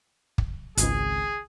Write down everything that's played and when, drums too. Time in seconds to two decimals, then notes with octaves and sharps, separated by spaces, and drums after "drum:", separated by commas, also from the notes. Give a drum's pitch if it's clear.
0.38 drum: kick
0.77 G#1 C#2 G#4, drum: hi-hat